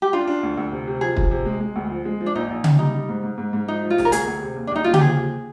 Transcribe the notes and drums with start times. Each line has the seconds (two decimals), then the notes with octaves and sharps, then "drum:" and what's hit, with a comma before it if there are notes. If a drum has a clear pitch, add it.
0.02 G4
0.13 D4 F4
0.27 D4
0.43 D2
0.58 D2
0.72 C3
0.87 C3
1.01 F3 G#4
1.17 F3, drum: kick
1.31 C3
1.46 G#3
1.60 G#3
1.76 D2
1.91 F3
2.05 G#3
2.21 F3
2.26 D4
2.35 A#1 D#4
2.50 A#1
2.64 A#1, drum: tom C#3
2.79 G3 D#4
2.94 G3
3.09 G#2
3.24 G#2
3.38 G#2
3.53 G#2
3.68 F3 D#4
3.83 F3
3.90 F4
3.98 C3, drum: snare
4.05 A#4
4.12 D2 G#4, drum: hi-hat
4.27 D2
4.42 C3
4.56 D#2
4.67 D4
4.71 D#2 D#4
4.84 D#2 F4
4.94 G4, drum: tom C#3
5.01 F3 G#4
5.17 D#2